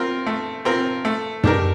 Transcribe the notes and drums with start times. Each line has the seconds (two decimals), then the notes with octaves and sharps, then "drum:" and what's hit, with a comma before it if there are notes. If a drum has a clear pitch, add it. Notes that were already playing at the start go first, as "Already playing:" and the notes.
Already playing: C4 F4 A#4
0.27 A3
0.65 C4 F4 A#4
1.05 A3
1.44 D4 G4 A#4, drum: tom